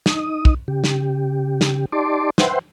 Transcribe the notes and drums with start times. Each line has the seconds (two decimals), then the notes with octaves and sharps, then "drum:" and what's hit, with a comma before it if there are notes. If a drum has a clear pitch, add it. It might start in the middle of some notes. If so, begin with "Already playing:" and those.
0.06 D#4 D#6, drum: snare
0.45 drum: kick
0.68 C#3 G4
0.84 drum: snare
1.61 drum: snare
1.92 D#4 G4 D5 A5 C6 D6
2.38 B4 C5 E5 F#5 G5 C6, drum: snare